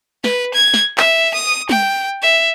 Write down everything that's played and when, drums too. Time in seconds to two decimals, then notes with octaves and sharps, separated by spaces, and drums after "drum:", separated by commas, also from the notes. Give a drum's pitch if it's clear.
0.24 B4, drum: snare
0.54 G#6
0.74 drum: snare
0.98 E5, drum: clap
1.34 D#6
1.69 G5, drum: tom
2.22 E5